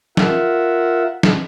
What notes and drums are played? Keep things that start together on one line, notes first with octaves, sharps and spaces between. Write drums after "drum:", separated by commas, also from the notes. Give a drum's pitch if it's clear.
F4 A#4 E5 F#5, drum: snare
drum: snare